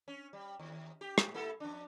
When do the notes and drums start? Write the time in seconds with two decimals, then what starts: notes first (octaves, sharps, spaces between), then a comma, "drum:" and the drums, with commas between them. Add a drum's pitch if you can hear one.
0.08 C#4
0.33 G3
0.60 D#2
1.01 G4
1.18 drum: rim click
1.34 A#3 E4 A4
1.60 F2 D4